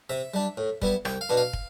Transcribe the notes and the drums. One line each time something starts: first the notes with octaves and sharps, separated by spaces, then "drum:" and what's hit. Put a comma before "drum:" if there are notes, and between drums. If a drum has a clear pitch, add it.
C3 E5
G3 D4
A2
G3 B3 E4, drum: kick
C2 G5, drum: rim click
F5
B2 B3 D4
F5
drum: kick